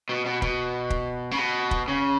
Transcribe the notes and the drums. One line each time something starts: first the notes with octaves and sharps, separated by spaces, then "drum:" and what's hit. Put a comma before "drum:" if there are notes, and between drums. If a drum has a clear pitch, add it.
B2
B2
B2, drum: kick
drum: kick
C#3
B2
drum: kick
C#3